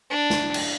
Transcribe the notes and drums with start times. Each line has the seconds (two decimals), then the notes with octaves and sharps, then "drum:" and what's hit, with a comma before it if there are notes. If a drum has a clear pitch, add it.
0.10 D4
0.30 drum: snare
0.54 drum: cymbal